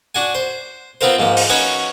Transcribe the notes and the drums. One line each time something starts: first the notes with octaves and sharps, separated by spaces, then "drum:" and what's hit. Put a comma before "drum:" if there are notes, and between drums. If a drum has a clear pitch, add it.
D4 F#4 G#5
C5
B3 C4 F4 A#4 C5
G#2 F3 A#3
drum: open hi-hat
C#4 D#4 F#4 B4 C#5